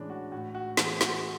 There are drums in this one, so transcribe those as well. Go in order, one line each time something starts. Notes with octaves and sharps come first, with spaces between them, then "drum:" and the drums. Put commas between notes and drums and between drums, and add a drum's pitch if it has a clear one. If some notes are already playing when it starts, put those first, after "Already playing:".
Already playing: A2 E3 G#3 C#4 D4
F#4
A2 F#4
F#4
E3 G#4, drum: snare
F#4, drum: snare